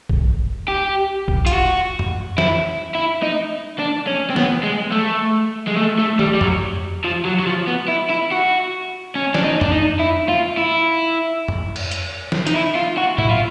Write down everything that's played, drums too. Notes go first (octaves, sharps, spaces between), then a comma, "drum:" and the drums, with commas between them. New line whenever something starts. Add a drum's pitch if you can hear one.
drum: kick A#1
G4
drum: kick A#1
F4, drum: hi-hat
F#4
drum: tom F2
E4, drum: snare
E4
D#4
D4
C#4
C4
B3, drum: snare
G#3
A3
G#3
A3
A3
G3, drum: tom
G3
F#3, drum: tom F2
F3
F#3
F#3
F3
B3
E4
E4
F#4
C#4
D4, drum: snare
D#4
D4, drum: tom F2
D#4
E4
F4
E4
drum: tom F2
drum: cymbal
drum: hi-hat
drum: snare
D#4, drum: hi-hat
E4
F4
F#4
E4, drum: tom A2
F4